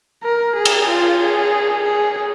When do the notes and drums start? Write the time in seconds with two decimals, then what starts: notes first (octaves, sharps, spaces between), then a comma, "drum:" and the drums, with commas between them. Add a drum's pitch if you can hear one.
0.24 A#4
0.56 G#4
0.65 drum: cymbal
0.88 F4
1.20 G#4
1.84 G#4